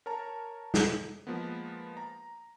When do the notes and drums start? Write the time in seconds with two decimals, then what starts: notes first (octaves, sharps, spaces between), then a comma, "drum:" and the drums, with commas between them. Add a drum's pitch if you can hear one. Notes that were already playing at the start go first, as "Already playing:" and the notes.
0.06 A#4 C#5 A5 A#5
0.74 drum: snare
1.27 F3 G#3 A#3 B3
1.97 A#5